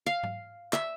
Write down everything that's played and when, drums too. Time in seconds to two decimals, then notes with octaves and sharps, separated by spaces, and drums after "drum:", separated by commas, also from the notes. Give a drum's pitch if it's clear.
0.06 F5
0.23 drum: tom G#2
0.73 E5, drum: clap